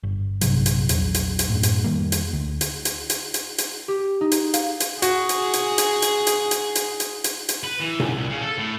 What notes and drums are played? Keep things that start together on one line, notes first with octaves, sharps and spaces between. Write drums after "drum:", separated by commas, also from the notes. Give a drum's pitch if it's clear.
G1
A#1 G2 C3 F#3, drum: hi-hat
drum: hi-hat
A#1 E2 F#3, drum: hi-hat
drum: hi-hat
drum: hi-hat
F#2 A2
drum: hi-hat
F2 D#3 G3 A#3
drum: hi-hat
D2
drum: hi-hat
drum: hi-hat
drum: hi-hat
drum: hi-hat
drum: hi-hat
G4
D#4
drum: hi-hat
F5, drum: hi-hat
drum: hi-hat
F#4 G#4, drum: hi-hat
drum: hi-hat
drum: hi-hat
drum: hi-hat
drum: hi-hat
drum: hi-hat
drum: hi-hat
drum: hi-hat
drum: hi-hat
drum: hi-hat
drum: hi-hat
B4
E3
F#2, drum: tom A#2
C2
C#3
A4
A2